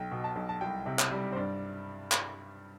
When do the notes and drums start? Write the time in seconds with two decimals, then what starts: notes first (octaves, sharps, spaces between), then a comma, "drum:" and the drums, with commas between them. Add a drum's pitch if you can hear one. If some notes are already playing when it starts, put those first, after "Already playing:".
Already playing: B1 G5
0.12 B2
0.24 A5
0.36 B1
0.49 A5
0.61 C2 G5
0.86 C3
0.99 drum: clap
1.11 G3
1.32 C5
1.36 G2 D5
2.12 drum: clap